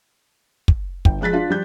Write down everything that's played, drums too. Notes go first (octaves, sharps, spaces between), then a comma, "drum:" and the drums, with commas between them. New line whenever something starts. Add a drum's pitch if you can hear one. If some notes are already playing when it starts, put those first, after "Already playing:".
drum: kick
G1 G5, drum: kick
F3 G#3 F#6 A6 B6
D4 F4
F3 G3 G6